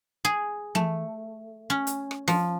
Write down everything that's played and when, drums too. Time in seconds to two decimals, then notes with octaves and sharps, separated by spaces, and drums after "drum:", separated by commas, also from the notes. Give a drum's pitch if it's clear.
0.25 G#4
0.75 A3, drum: tom E3
1.70 C#4
1.87 drum: hi-hat
2.11 drum: rim click
2.28 F3, drum: snare